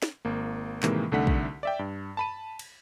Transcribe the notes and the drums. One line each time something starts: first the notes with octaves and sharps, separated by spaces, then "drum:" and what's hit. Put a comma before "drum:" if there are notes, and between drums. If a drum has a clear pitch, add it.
drum: snare
G#1 A#3
A2 C3 D#3 E3 G#3 A#3, drum: clap
C2 D3 A3 D#4 F#5 B6
drum: kick
D5 E5 G5
G2
A5 B5 D#7
drum: cymbal